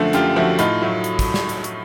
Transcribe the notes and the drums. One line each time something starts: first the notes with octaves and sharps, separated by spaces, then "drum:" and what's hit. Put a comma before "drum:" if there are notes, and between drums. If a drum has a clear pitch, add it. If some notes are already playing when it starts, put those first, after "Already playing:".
Already playing: F#2 D3 F3 A3
F#2 F4 G4, drum: hi-hat
D3 F3 A3 E4 F#4
A2 D#4 F4, drum: hi-hat
F#3 A3
drum: hi-hat
drum: kick, hi-hat
drum: snare
drum: hi-hat
drum: hi-hat